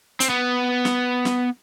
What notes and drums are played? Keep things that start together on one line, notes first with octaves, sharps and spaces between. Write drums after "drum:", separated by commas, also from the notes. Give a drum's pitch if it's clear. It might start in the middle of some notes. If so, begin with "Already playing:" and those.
C4, drum: hi-hat
B3
drum: snare
drum: snare